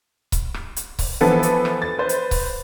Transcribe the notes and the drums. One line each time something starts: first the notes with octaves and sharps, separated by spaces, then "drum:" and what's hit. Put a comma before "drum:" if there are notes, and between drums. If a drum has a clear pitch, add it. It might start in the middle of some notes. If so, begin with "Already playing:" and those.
drum: kick C#1, hi-hat
drum: rim click
drum: hi-hat
drum: kick C#1, open hi-hat
E3 F3 B3 A4 B4
drum: hi-hat
drum: rim click
A6
B4 C5
drum: hi-hat
drum: kick C#1, open hi-hat